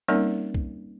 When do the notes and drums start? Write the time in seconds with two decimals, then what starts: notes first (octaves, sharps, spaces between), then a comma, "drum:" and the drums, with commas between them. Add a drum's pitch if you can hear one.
0.08 G3 A#3 C4 C#4 D#4 A#4
0.54 drum: kick